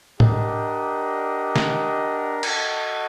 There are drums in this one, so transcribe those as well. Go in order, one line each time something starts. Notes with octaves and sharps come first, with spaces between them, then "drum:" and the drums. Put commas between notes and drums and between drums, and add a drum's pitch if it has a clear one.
D4 G4 A#4 D#5 F#5, drum: tom A2
drum: snare
F#4 A4 D#5, drum: cymbal